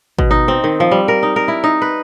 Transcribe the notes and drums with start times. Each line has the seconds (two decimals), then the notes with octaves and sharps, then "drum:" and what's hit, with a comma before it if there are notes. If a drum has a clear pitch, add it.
0.19 B2, drum: kick
0.31 D#4
0.48 C4
0.64 D#3
0.80 F3
0.91 G3
1.08 A#4
1.23 D#4
1.36 A#4
1.48 E4
1.64 D#4
1.82 B4